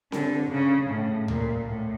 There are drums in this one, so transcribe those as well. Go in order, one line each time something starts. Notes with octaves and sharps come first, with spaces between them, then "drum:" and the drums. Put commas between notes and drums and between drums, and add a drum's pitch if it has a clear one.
D3, drum: snare C4
C#3
A2
A#2, drum: tom C#2
A2